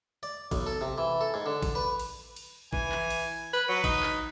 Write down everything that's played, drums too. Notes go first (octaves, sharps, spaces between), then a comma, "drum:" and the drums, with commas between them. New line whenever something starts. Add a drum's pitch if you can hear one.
D5
B1, drum: kick A1, cymbal
A4
C3
E3
A4
G#2
D3
drum: kick A1, cymbal
B4
drum: cymbal
drum: cymbal
E3 G#5, drum: kick A1
drum: clap
drum: cymbal
B4
F#3 B4
D#4, drum: kick A1, cymbal
drum: clap